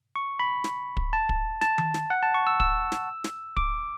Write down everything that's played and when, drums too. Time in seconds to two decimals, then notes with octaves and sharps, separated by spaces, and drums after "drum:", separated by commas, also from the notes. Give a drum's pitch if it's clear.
0.16 C#6
0.39 B5
0.64 drum: snare
0.97 drum: kick
1.13 A5
1.29 drum: kick
1.61 A5, drum: snare
1.78 drum: tom D#3
1.94 drum: snare
2.10 F#5
2.23 A5
2.34 C#6
2.47 E6
2.60 E6, drum: kick
2.92 drum: snare
3.24 drum: snare
3.57 D6, drum: kick